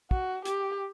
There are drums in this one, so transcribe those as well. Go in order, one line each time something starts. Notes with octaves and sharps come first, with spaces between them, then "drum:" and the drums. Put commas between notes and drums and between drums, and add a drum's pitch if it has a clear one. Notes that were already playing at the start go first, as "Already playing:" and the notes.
F#4, drum: kick
G4, drum: hi-hat